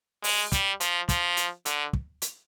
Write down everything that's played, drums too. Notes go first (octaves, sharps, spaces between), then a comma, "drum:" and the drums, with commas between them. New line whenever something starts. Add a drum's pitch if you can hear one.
G#3, drum: open hi-hat
G3, drum: kick, hi-hat
F3, drum: hi-hat
F3, drum: kick, hi-hat
drum: hi-hat
D3, drum: hi-hat
drum: kick
drum: hi-hat